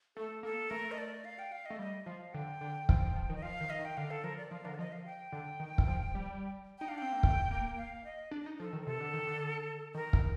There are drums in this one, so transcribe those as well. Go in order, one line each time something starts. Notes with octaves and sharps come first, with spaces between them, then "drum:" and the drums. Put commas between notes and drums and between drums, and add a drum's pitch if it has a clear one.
A3 A4
A#3 A4
A3 A#4
D#5
D5
F5
G5
F5
A3 D#5
G3 D#5
F3 F5
D3 G5
D3
F3, drum: kick
F3
F3
D#3
D#5
F3 F5
D#3
D#5
D#3
G5
D3 F5
A4
F3 A#4
D5
F3 F5
D3 A#4
D5
F3 D#5
F5
G5
D3
D#3
drum: kick
F3
G3
D#4 G5
D4 F5
C4 G5
A#3
A3, drum: kick
A#3
F5
D#5
D4
D#4
F3 A4
D#3
A#4
C3 A4
D3
D#3
D3
D#3 A#4
drum: kick